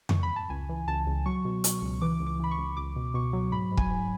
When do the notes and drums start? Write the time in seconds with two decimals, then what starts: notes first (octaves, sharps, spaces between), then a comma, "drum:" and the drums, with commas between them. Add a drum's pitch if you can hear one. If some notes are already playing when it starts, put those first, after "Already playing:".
0.09 C#6, drum: tom F2
0.23 B5
0.36 A5
0.50 C#2 G#5
0.69 E3
0.88 C#2 A5
1.07 C#2
1.26 F#3 C#6
1.45 B2
1.64 B2, drum: hi-hat
1.82 C#2
2.01 E3 D6
2.20 C#2
2.26 D6
2.40 E3 B5
2.51 C#6
2.58 C#2
2.77 C#2 D6
2.96 B2
3.14 B2 C#6
3.33 F#3
3.52 G#2 B5
3.72 G#2
3.77 G#5, drum: kick
3.91 G#2